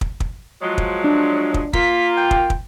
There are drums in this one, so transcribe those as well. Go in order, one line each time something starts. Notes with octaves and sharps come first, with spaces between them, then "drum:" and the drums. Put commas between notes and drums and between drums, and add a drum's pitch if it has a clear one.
drum: kick
drum: kick
F3 F#3 G#3
drum: kick
D4
drum: kick
A#3 F4 B6, drum: kick
G5
drum: kick
drum: kick